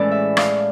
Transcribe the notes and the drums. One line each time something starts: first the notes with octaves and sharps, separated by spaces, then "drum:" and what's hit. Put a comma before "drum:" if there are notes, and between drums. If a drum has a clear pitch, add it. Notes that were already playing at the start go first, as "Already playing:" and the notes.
Already playing: A2 E3 G#3 C#4 E4 D5
E5
F5, drum: rim click